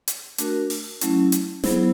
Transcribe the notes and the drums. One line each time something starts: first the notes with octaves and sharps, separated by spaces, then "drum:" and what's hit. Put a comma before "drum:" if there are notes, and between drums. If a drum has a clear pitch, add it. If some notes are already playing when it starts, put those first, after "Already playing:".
drum: hi-hat
A3 D4 F#4 A#4, drum: hi-hat
drum: open hi-hat
F#3 A3 C#4 E4, drum: hi-hat
drum: hi-hat
F#3 B3 E4 G#4 C5, drum: snare